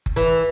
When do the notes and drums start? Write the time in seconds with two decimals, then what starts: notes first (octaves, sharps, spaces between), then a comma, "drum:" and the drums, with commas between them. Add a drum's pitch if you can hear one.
0.06 drum: kick F#1
0.16 E3